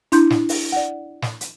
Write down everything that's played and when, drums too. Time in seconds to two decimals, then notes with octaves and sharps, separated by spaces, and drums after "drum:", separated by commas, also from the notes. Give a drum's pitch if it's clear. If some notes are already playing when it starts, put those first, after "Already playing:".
0.12 D4 E4 C6 G6, drum: hi-hat
0.30 drum: snare
0.49 drum: open hi-hat
0.72 D5 F#5
1.22 drum: snare
1.41 drum: hi-hat